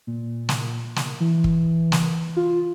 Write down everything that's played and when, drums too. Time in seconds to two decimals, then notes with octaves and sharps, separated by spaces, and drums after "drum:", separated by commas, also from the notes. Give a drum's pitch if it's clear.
0.07 A#2
0.49 drum: snare
0.96 drum: snare
1.20 E3
1.44 drum: kick
1.92 drum: snare
2.36 F4